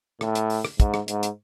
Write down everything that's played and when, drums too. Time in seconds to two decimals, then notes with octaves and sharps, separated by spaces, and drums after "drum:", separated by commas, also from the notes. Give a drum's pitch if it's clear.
0.21 A2, drum: rim click
0.35 drum: hi-hat
0.50 drum: open hi-hat
0.65 drum: rim click
0.80 G#2, drum: kick, hi-hat
0.94 drum: rim click
1.08 G#2, drum: hi-hat
1.23 drum: hi-hat